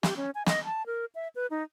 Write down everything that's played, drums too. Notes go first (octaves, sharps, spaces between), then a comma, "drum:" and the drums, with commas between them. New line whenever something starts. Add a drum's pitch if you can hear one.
G4, drum: snare
C#4
G#5
D#5, drum: snare
A5
A#4
E5
B4
D#4